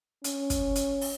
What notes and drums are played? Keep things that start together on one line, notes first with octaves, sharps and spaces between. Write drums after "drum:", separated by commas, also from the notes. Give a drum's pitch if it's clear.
C#4, drum: hi-hat
drum: kick, hi-hat
drum: hi-hat
drum: open hi-hat